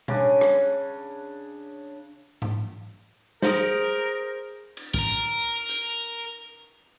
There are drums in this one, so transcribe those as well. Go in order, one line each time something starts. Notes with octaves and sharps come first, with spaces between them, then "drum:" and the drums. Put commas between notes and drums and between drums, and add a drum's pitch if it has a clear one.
C#3 D4 G#5, drum: tom B2
drum: rim click
drum: tom G#2
G#4 A#4 C5, drum: snare
drum: cymbal
A#4 A#5, drum: kick
drum: hi-hat